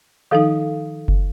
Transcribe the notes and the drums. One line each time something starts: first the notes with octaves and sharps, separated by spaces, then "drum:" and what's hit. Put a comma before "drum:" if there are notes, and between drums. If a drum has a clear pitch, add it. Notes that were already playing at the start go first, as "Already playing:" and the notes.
D#3 F3 D#4 A4 F5 D#6
drum: kick F#1